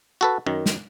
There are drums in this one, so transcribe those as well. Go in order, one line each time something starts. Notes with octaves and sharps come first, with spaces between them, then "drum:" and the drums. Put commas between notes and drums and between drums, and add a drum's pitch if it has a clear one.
F#4 A4 B4
F#2 D#3
drum: snare